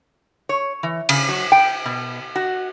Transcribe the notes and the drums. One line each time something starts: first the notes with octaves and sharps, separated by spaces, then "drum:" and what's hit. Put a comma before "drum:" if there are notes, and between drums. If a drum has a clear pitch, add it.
C#5
E3
C#3, drum: cymbal
F#3
G5
B2
F#4